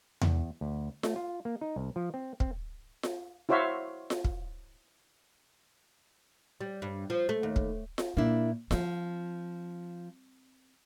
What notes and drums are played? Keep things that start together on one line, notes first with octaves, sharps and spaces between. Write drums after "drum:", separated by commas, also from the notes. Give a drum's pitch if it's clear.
E2, drum: tom E2
D2
A3, drum: snare F4
F4
A#3
D#4
C2
F3
C4
C4, drum: kick
drum: snare F4
E4 F#4 C5 C#5 E5 F5
drum: snare F4
drum: kick
G3
G2
F3
A3
D#2
drum: kick
drum: snare F4
A#2 A#3 D4 E4
F3 C4 F4, drum: snare F4